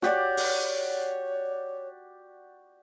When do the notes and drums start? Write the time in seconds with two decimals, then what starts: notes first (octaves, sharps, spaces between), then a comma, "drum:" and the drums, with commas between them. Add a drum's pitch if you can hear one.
0.02 F#4 G4 C#5 D5, drum: snare
0.37 drum: open hi-hat